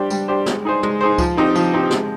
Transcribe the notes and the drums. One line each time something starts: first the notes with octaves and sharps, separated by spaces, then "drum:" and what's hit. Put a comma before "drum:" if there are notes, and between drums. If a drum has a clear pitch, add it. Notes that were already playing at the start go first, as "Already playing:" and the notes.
Already playing: G3 D4 G4 C5
G3, drum: tambourine
D4 G4 C5
G#3, drum: snare
D#4 G#4 C5
G#3, drum: tom
D#4 G#4 C5
F3, drum: kick C#2, tambourine
C4 D#4 G4
F3, drum: tambourine
C4 D#4 G4
G#3, drum: snare